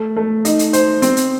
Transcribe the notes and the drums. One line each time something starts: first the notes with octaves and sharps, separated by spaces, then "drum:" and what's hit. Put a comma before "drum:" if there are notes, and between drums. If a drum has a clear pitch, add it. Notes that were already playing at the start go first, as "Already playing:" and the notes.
Already playing: A3
A3
D#4, drum: hi-hat
drum: hi-hat
C5, drum: hi-hat
C4, drum: hi-hat
drum: hi-hat